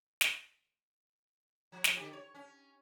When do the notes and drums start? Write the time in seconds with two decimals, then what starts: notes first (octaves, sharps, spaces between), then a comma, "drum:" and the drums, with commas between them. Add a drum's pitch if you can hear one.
0.21 drum: snare
1.72 F3
1.84 drum: snare
1.97 D3 G4
2.13 C#5
2.34 C#4